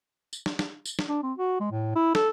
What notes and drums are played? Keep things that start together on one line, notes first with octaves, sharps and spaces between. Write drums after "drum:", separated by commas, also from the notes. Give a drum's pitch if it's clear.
drum: tambourine
drum: snare
drum: snare
drum: tambourine
drum: snare
D4
C4
F#4
G#3
A2
E4
A4, drum: snare